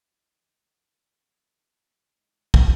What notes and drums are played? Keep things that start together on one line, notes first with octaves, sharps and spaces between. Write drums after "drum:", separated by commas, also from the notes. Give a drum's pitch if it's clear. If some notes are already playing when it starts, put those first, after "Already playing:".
Already playing: D#2
D#3 F#3
D#2
D#3 F#3
D3
F3 B3
D3
F3 B3
G#2
D#3 G#3 D#4
G#2
drum: kick